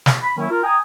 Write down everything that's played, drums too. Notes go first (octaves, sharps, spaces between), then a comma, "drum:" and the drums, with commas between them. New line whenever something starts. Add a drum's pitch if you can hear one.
drum: snare
B5
D#3 F#3 A#3 C#4 E4
F4 A#4
G5 G#5 A#5 D#6